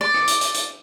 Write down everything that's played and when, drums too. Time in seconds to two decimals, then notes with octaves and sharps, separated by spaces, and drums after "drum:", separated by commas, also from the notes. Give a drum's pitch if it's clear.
0.01 D5
0.14 drum: rim click
0.28 drum: hi-hat
0.41 drum: hi-hat
0.54 drum: hi-hat